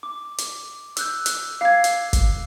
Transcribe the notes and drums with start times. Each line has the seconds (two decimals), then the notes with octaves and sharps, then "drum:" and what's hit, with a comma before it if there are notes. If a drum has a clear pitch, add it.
0.03 D6
0.38 drum: hi-hat
0.97 E6 F#6 G6, drum: hi-hat
1.26 drum: hi-hat
1.61 F5 D6 G#6 C7
1.84 drum: hi-hat
2.13 drum: kick, hi-hat